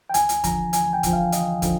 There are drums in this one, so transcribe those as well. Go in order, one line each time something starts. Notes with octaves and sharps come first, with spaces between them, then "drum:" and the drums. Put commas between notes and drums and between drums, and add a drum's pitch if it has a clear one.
G5
D2 G#5, drum: hi-hat
drum: hi-hat
D3 F3 A#5, drum: kick, hi-hat
D2 G#5, drum: hi-hat
G5
D3 F3, drum: kick, hi-hat
F5
D2 D#5, drum: hi-hat
D3 F3, drum: kick, hi-hat